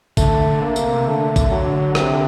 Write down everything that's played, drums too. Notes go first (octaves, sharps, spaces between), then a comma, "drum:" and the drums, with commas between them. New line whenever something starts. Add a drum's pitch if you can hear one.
D3 A3, drum: kick, tambourine
D3
A#3
C3, drum: tambourine
D3 A3
drum: kick, tambourine
F#3
C3, drum: rim click